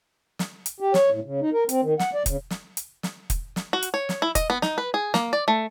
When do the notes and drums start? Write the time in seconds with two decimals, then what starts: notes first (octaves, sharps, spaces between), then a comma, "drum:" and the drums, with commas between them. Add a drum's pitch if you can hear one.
0.39 drum: snare
0.66 drum: hi-hat
0.80 G4
0.94 C#5, drum: snare
1.10 A2
1.25 C#3
1.41 D#4
1.53 A#4
1.69 C4, drum: hi-hat
1.83 D#3
1.99 F#5, drum: snare
2.14 D5
2.26 C#3, drum: kick, hi-hat
2.50 drum: snare
2.77 drum: hi-hat
3.03 drum: snare
3.30 drum: kick, hi-hat
3.56 drum: snare
3.73 F#4
3.83 drum: hi-hat
3.94 C#5
4.09 drum: snare
4.22 E4
4.35 D#5, drum: kick, hi-hat
4.50 B3
4.62 D#4, drum: snare
4.78 B4
4.94 G#4
5.14 A#3, drum: snare
5.33 D5
5.48 A3